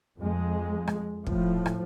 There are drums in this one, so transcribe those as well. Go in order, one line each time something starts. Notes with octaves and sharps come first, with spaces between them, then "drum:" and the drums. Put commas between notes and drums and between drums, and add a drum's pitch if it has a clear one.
F2 G#3
drum: rim click
A2 F3, drum: kick
drum: rim click